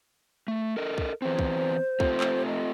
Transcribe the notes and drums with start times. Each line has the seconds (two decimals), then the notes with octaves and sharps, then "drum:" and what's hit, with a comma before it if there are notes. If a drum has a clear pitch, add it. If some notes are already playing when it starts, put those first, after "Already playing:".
0.48 A3
0.77 A4 A#4 D#5
0.98 drum: kick
1.22 E3 B3 C4 C5
1.39 drum: kick
2.00 A3 C4 F4, drum: kick
2.20 drum: clap
2.47 D#5